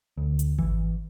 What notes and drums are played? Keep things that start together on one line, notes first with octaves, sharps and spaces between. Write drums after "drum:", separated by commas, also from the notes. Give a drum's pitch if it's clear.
D2
drum: hi-hat
E3, drum: kick G#1